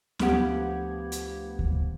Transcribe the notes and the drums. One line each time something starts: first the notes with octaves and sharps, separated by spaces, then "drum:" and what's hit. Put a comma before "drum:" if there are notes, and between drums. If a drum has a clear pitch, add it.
D2 F3 B3 G4 F#5 G#6, drum: snare
drum: hi-hat
drum: kick D2